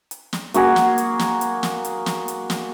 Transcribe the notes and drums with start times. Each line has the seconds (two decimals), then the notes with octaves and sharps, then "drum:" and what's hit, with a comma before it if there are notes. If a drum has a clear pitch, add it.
0.11 drum: hi-hat
0.33 drum: snare
0.54 A#3 F#4 G#4, drum: hi-hat
0.76 drum: snare
0.98 drum: hi-hat
1.19 drum: snare
1.41 drum: hi-hat
1.63 drum: snare
1.85 drum: hi-hat
2.06 drum: snare
2.28 drum: hi-hat
2.50 drum: snare